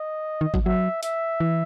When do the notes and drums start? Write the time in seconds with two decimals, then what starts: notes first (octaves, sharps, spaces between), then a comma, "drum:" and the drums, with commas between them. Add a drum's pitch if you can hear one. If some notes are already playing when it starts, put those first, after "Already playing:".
Already playing: D#5
0.41 D#3
0.54 F#3, drum: kick G#1
0.66 F#3 E5
1.03 E5, drum: hi-hat
1.40 E3